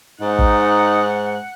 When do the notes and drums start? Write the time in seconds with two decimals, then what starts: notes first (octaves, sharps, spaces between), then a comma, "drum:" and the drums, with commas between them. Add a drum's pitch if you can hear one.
0.21 G#2 D#4 F#5
0.39 drum: kick